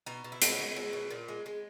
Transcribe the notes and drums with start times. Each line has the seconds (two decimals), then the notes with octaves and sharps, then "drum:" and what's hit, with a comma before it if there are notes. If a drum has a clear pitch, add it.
0.06 B2 D#4
0.24 B2
0.32 E4
0.42 G#3, drum: hi-hat
0.59 G#3
0.76 G#3
0.93 B2
1.11 A#2
1.28 G#3
1.46 G#3